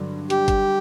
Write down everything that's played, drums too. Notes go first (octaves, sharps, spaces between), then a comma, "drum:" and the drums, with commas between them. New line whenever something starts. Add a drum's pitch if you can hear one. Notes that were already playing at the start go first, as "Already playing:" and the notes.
Already playing: G2 D3 F#3
G4, drum: hi-hat
drum: kick, hi-hat